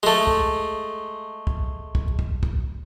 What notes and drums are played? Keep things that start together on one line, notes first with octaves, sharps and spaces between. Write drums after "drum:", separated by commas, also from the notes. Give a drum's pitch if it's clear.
G#3 A3
drum: kick
drum: kick
drum: kick
drum: kick
drum: kick